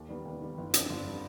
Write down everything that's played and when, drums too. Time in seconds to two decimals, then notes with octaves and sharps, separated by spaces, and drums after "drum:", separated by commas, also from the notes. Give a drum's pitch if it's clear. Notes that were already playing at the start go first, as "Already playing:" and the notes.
Already playing: D#2
0.09 D#3 G3 B3
0.25 D#2
0.41 D#3 G3 B3
0.58 G1
0.74 F2 D3 G3, drum: hi-hat
0.89 G1
1.07 D3 G3